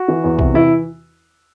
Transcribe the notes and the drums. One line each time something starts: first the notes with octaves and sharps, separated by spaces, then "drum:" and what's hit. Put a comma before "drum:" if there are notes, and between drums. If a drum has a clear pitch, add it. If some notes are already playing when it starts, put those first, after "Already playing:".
Already playing: F#4
E3
E2
C3, drum: kick B1
E3 E4